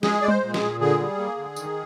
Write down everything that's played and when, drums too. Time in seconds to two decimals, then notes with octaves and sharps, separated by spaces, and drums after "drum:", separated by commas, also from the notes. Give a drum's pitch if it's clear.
0.03 G#3 G#4, drum: snare
0.22 G#3 D5
0.28 C5, drum: tom G3
0.42 A#2
0.54 G#4, drum: snare
0.60 A#2
0.80 D3 G#4
1.00 G3
1.18 A#3
1.37 D3
1.56 D#3, drum: tambourine